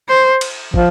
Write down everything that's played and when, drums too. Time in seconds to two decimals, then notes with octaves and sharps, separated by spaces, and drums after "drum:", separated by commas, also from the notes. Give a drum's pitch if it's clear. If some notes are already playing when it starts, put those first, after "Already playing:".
0.08 C5
0.41 drum: cymbal
0.74 F3, drum: kick